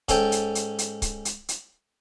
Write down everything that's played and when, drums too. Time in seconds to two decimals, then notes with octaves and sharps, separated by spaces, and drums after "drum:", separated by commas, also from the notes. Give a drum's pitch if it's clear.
0.09 G#2 C#4 A4 G5 G#5, drum: kick C#1, hi-hat
0.32 drum: hi-hat
0.55 drum: hi-hat
0.79 drum: hi-hat
1.02 drum: kick C#1, hi-hat
1.25 drum: hi-hat
1.48 drum: hi-hat